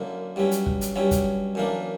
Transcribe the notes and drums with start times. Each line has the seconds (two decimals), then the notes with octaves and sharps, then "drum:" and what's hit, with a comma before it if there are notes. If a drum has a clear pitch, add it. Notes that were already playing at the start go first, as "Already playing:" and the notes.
Already playing: F#2 D3 A#3 E4
0.36 G2 F#3 C#4 E4
0.51 drum: hi-hat
0.66 drum: kick
0.81 drum: hi-hat
0.96 G2 F#3 C#4 E4
1.11 drum: kick, hi-hat
1.55 F#2 E3 A#3 D4